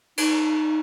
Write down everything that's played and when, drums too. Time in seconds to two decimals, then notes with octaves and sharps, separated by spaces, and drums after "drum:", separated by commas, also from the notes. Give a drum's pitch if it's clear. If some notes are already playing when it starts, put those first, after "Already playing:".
0.18 D#4, drum: cymbal